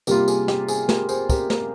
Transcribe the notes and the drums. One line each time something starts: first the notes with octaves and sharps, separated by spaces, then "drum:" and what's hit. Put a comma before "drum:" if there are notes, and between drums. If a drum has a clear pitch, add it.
C3 G3 A#3 F4 G4 A#4, drum: tambourine
G#4, drum: tambourine
G4, drum: snare
G#4, drum: tambourine
G4 A#4, drum: snare
G#4 C5, drum: tambourine
G4 A#4, drum: kick, tambourine
G4 A#4, drum: snare